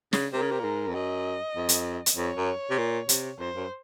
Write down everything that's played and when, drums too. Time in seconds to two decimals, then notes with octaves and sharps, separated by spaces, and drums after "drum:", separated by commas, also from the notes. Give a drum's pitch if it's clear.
0.13 C#3, drum: snare
0.33 C3 A#4
0.42 C#3
0.51 C3
0.60 A#2
0.64 G#2
0.88 F2
0.94 F#2 D#5
1.56 F2
1.69 drum: hi-hat
2.06 drum: hi-hat
2.16 F2 C#5
2.37 F#2
2.71 C3
2.78 A#2
3.09 C3, drum: hi-hat
3.39 F2 C5
3.55 F#2